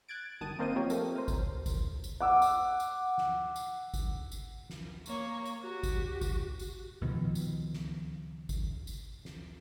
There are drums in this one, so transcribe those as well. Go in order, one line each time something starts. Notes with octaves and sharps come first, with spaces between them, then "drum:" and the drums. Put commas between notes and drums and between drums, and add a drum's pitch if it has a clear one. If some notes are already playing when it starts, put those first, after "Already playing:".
F#6 G#6 A6 D7
G1 D#3 A5 D#6 D#7
A#3 C4 A#4 C5 D#5 D#7
F3 A#3 C4 G4 C#5
A3 A4 A#4, drum: tambourine
A#4 C5
drum: kick G#1, tambourine
drum: kick G#1, tambourine
drum: tambourine
F#5 D6 E6
drum: tambourine
drum: tambourine
drum: snare
drum: tambourine
drum: kick G#1, tambourine
drum: tambourine
drum: snare
A#3 C#5, drum: tambourine
drum: tambourine
F#4 G4
drum: kick G#1, tambourine
drum: kick G#1, tambourine
drum: tambourine
C#2 B2 D#3 F3
drum: tambourine
drum: snare
drum: kick G#1, tambourine
drum: tambourine
drum: snare